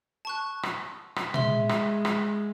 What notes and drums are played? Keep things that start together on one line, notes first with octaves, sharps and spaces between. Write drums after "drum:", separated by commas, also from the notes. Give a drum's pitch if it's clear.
A5 C#6 F#6
drum: rim click
drum: rim click
G#3 E5 C6, drum: tom A#2
drum: rim click
drum: rim click